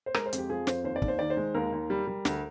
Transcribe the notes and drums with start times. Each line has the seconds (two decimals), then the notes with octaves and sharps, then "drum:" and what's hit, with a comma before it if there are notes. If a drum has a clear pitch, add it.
0.06 C5
0.14 G#3 A#4, drum: rim click
0.26 C5
0.33 F2, drum: hi-hat
0.38 G4
0.50 F3 G#4
0.67 F2 C5, drum: snare
0.84 D#2 C5
0.96 D5
1.02 D#2, drum: kick
1.08 C5
1.19 D#3 D5
1.30 C5
1.37 G#3
1.55 D#2 A#4
1.72 D#2
1.90 G3
2.07 G3
2.25 D2, drum: snare